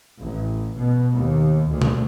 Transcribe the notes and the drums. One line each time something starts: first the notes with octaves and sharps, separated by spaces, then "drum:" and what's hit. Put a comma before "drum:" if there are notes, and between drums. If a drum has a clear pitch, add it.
A1
B2
D#2
D2
drum: tom B2